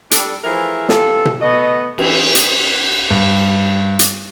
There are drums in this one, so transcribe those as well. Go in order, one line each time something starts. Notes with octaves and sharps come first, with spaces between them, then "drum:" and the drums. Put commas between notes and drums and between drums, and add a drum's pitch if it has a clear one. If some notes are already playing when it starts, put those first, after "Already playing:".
G3 D4 A4, drum: hi-hat
E3 F3 A3 E4 G#4 A#4
C3 E3 F4 A4, drum: snare
drum: tom B2
A3 B3 F#4 D#5
E3, drum: cymbal
drum: hi-hat
G2
drum: hi-hat